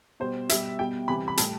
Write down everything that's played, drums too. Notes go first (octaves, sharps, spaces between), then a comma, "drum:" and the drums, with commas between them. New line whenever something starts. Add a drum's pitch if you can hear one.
B2 G3 C5
B2 G3 E5, drum: hi-hat
B2 G3 G5
C3 E3 G3 B5
B5
A2 G3 A5, drum: hi-hat